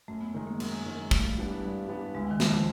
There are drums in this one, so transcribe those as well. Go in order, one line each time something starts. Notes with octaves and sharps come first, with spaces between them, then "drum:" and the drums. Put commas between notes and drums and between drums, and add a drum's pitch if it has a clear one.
F#2 A3
B3
D#3 G#3
A#3
F#2, drum: cymbal
D#3 G#3
G2 A3, drum: kick
E3 G3 B3 D4
G2
E3 G3 B3 D4
D2 G#3
D#3
C#3 F3, drum: snare
D#3